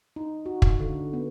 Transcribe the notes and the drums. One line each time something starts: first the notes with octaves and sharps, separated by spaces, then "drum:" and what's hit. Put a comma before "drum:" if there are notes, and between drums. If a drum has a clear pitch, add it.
D#4
F#4
drum: kick
D3
B3